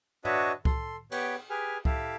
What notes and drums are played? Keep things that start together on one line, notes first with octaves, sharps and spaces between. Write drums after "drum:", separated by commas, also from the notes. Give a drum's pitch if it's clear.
D4 F#4 B4 C#5 D#5 E5, drum: tom
A4 C6, drum: kick C2
B3 G4 B4 C#5 G5, drum: cymbal
G4 G#4 B4 G#5 F6
E4 G4 A4 E5 F5, drum: kick C2